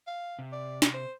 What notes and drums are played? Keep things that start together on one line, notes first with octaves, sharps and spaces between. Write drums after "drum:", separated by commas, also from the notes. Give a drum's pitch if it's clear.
F5
C3
D5
drum: snare
C5